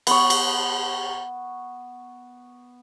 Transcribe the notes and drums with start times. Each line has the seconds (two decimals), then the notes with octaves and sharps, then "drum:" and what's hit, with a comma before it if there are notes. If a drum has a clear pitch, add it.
0.07 B3 C#6, drum: cymbal
0.30 drum: cymbal